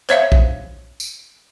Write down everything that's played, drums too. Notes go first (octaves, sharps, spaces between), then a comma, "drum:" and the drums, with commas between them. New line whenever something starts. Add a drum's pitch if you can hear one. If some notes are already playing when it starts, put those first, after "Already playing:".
C5 C#5 E5 F5, drum: hi-hat
drum: kick
drum: tambourine